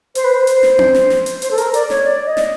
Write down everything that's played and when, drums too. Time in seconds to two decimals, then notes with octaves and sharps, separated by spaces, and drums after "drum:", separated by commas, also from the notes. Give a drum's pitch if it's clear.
0.15 C5, drum: hi-hat
0.24 B4
0.34 C5
0.47 drum: hi-hat
0.63 drum: snare
0.79 drum: tom C4
0.94 drum: snare
1.10 drum: snare
1.26 drum: hi-hat
1.42 C5, drum: hi-hat
1.51 A4
1.58 A#4, drum: hi-hat
1.74 D5, drum: hi-hat
1.90 C#5, drum: snare
2.05 D5
2.26 D#5
2.37 drum: snare